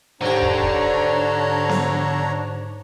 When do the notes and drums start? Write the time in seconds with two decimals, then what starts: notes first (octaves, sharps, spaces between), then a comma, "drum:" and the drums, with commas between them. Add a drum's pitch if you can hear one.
0.21 G#2 D3 D4 G4 C#5 A#5
0.42 drum: kick
0.63 drum: kick
1.69 drum: snare B3